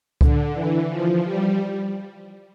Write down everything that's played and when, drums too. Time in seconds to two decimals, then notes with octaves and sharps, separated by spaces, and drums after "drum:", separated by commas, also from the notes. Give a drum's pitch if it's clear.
0.21 D3, drum: kick C#2
0.54 E3
0.89 F3
1.24 G3